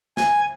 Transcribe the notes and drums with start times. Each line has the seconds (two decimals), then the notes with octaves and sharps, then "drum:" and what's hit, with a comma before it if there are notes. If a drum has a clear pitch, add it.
0.17 G#5, drum: snare